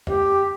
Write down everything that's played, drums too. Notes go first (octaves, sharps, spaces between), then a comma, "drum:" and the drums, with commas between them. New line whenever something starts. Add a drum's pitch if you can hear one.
G4, drum: tom F2